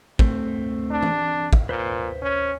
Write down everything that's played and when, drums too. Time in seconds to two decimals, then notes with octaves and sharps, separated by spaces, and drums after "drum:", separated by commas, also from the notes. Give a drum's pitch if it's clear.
0.19 A3 C4, drum: kick
0.92 D4
1.03 drum: tom E3
1.53 drum: kick
1.69 A#2 B4 C5
2.22 C#4